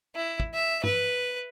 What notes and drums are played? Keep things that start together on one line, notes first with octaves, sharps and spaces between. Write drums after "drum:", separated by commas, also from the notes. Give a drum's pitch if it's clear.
E4
drum: kick
E5
B4, drum: tom